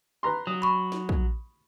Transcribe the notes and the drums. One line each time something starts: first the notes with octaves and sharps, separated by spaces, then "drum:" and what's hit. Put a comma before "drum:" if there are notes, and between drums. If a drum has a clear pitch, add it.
B4 A#5 C6
F#3 D#6
B5 C#6
drum: snare
drum: kick